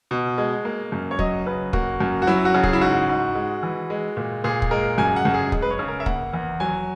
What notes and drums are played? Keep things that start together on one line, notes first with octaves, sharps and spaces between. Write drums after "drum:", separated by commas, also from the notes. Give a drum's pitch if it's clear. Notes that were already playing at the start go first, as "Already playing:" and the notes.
B2
G#3
A#3
F#2
C#5
F#3 D#5, drum: kick
C#3 B4
A#3 F#4, drum: kick
F#2
F#4
F#3 E4
F#4
C#3
G#4, drum: kick
E4
G#2 F#4
G#2
G#3
E3
G#3
A#2
A#2 G#4
drum: kick
G#3 A#4
F#2 G#5
F#5
F#2
G#4
G#3, drum: kick
B4
C#5
C#3
A#4
E5
A#3 F#5, drum: kick
E2
F#3 G#5